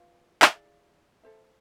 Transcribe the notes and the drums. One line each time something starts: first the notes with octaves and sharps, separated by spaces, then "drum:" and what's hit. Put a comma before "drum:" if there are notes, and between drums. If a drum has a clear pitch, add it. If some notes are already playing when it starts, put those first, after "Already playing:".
Already playing: F4 B4 F5
drum: clap
E4 G#4 D5 F5
A4 C5 E5